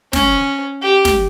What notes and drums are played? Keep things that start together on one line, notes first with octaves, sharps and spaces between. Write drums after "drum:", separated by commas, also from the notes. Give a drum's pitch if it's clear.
C#4, drum: snare
G4
drum: snare